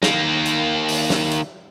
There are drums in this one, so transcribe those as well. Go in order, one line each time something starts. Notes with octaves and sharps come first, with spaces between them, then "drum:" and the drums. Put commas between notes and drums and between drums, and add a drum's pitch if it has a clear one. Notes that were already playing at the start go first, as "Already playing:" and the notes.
D#3 A#3, drum: snare
drum: hi-hat
drum: open hi-hat
drum: snare
drum: hi-hat